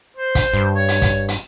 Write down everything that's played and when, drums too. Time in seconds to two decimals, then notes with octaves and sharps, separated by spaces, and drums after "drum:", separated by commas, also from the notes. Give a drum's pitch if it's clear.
0.17 C5
0.35 drum: kick, hi-hat
0.54 G2
0.75 C#5
0.88 drum: hi-hat
1.02 drum: kick, hi-hat
1.28 drum: hi-hat